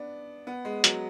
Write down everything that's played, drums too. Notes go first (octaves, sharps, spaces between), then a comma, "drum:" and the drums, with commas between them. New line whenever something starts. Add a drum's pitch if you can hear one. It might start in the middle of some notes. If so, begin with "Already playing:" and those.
Already playing: B3 D4
B3
G#3
F#3, drum: hi-hat